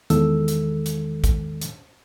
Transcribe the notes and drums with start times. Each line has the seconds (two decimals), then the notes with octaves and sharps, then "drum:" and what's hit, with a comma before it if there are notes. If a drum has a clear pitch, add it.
0.10 E2 D#3 G#3 A4 E6, drum: hi-hat
0.48 drum: hi-hat
0.86 drum: hi-hat
1.24 drum: kick, hi-hat
1.62 drum: hi-hat